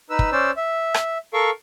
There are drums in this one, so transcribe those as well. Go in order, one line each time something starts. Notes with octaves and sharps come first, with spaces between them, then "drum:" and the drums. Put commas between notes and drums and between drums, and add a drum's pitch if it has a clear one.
D#4 B4 E6
drum: kick
C#4 C5 D5 E6
E5
drum: rim click
A4 A#4 F5 C#6